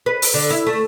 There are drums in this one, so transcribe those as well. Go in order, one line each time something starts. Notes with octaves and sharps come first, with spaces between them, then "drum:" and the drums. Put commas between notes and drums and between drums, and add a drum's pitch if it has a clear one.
B4
drum: open hi-hat
D3
E4
A3